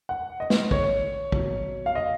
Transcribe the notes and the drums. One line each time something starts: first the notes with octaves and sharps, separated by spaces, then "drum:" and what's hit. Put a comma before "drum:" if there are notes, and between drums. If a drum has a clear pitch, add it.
F#5
D#5
drum: snare
C#5, drum: kick
B2 F#3, drum: kick
F5
D#5